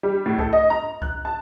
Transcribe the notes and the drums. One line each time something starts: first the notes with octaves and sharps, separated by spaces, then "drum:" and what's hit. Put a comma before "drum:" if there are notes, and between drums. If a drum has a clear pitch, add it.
G3
A2
A4, drum: kick C2
D#5
A#5
F#6, drum: kick C2
A5